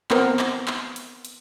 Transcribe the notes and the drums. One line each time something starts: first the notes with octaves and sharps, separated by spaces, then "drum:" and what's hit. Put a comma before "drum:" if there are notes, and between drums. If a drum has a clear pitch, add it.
B3 C4 A#4, drum: clap
drum: clap
drum: clap
drum: hi-hat
drum: hi-hat